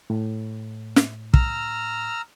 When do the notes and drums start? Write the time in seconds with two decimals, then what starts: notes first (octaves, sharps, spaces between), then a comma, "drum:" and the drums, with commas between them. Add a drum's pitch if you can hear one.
0.10 A2
0.96 drum: snare
1.34 A#5 E6 F6, drum: kick